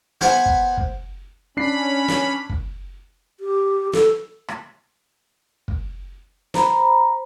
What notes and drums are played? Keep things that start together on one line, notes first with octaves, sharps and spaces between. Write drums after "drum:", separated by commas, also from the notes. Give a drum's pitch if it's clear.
B3 B4 C5 F#5 G#5, drum: snare
drum: kick
drum: kick
C#4 D4 B5 C7
drum: snare
drum: kick
G4
A4, drum: snare
drum: rim click
drum: kick
C5 A#5 B5, drum: snare